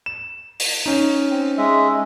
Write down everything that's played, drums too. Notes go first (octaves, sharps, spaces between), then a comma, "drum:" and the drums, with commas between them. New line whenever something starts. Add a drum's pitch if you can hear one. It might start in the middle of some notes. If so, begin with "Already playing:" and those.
E7
drum: open hi-hat
C#4 D#4
C4
G#3 E5